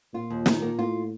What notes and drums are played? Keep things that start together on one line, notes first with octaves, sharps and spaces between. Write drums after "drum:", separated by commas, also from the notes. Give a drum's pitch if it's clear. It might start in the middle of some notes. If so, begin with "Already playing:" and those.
A#2 F4
D#2
D#3, drum: snare
A#3
A2 F4